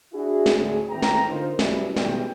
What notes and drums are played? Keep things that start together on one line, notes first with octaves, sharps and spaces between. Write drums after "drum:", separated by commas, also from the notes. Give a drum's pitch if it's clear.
D4 E4 F#4 G#4
drum: snare
D2 A2 G#4
G#1 A2 E3 G5 A#5
drum: snare
D3 D#4 F4 A#4 C5
F#2 B2 E3 G3 E4, drum: snare
B2 D#3 E3 G3 G#3 G5, drum: snare